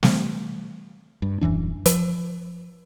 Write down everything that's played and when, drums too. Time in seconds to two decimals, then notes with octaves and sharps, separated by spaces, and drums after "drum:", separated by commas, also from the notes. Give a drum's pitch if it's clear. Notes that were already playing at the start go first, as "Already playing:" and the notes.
0.03 E3 G3 A3, drum: snare
1.22 G2
1.41 D#1 F#2 E3 D4
1.86 F3, drum: hi-hat